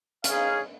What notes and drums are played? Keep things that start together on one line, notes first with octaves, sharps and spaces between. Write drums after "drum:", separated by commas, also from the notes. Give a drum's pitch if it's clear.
D#4 G#4 C#5 F5, drum: hi-hat